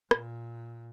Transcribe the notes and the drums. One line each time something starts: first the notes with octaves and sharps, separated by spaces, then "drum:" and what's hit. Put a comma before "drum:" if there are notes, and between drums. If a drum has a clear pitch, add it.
A#2, drum: rim click